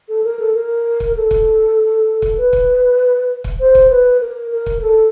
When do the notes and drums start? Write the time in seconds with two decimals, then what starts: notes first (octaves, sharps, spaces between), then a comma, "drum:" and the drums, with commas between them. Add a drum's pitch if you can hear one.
0.09 A4
0.24 A#4
0.39 A4
0.54 A#4
1.00 drum: kick
1.15 A4
1.31 drum: kick
2.22 drum: kick
2.37 B4
2.53 drum: kick
3.44 drum: kick
3.60 C5
3.75 drum: kick
3.90 B4
4.20 A#4
4.51 A#4
4.66 drum: kick
4.82 A4